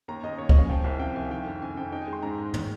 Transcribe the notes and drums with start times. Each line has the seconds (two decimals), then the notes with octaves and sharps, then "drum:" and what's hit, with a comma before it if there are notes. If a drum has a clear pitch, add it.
0.08 D#2 A#5
0.23 D#2 D#5
0.38 D#2 C#5
0.49 D#5, drum: kick C#2
0.55 C#3 F5
0.65 G#5
0.69 F3 G5
0.84 C2 F5
1.00 C3 G5
1.16 C2 G#5
1.31 D#3 G5
1.46 F2
1.61 F2 G#5
1.77 F2 G5
1.92 D#4 G5
2.02 G#5
2.07 G#3
2.13 C6
2.22 G#2 A#5
2.38 G#3
2.54 D#3, drum: tom